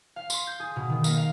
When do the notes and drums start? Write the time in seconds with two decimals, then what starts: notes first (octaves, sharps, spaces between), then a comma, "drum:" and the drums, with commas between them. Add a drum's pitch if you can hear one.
0.16 F5
0.30 C6, drum: tambourine
0.47 G6
0.60 G#4
0.76 B2
0.89 D#3
1.04 A#3, drum: tambourine
1.18 F5